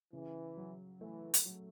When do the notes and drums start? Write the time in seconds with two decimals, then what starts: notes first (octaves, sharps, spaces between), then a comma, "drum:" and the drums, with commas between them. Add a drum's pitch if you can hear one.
0.13 C#3 E3
0.57 F#3
1.01 E3 A3
1.34 drum: hi-hat
1.45 F#3